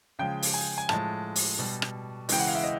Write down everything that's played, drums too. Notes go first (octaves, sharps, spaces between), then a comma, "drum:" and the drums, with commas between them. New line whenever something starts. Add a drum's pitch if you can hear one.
C#3 F3 G#3 G5
drum: open hi-hat
G#5
G#5
A2 F3 G#3 A5, drum: rim click
drum: open hi-hat
B2 G3
drum: rim click
C#3 E3 G#3 G5, drum: open hi-hat
F#5
F5
E5
D#5